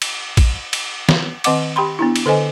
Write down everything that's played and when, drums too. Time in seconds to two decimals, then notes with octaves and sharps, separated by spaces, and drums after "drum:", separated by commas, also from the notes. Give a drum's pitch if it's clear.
0.02 drum: cymbal
0.37 drum: kick, cymbal
0.73 drum: cymbal
1.09 drum: snare
1.44 D#3 C4 D#5 F#5 D6, drum: cymbal
1.76 G4 G5 B5 C6
1.99 B3 D4 E4
2.16 drum: cymbal
2.26 D3 A4 C5 D#5 G#5